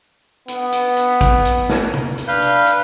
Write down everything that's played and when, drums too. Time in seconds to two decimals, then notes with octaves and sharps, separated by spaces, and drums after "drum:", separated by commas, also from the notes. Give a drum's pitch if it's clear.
0.48 B3, drum: hi-hat
0.72 drum: hi-hat
0.97 drum: hi-hat
1.21 drum: kick, hi-hat
1.45 drum: hi-hat
1.69 drum: snare
1.93 drum: tom C3
2.18 drum: hi-hat
2.28 D4 B4 F5 G6
2.42 drum: hi-hat
2.66 drum: hi-hat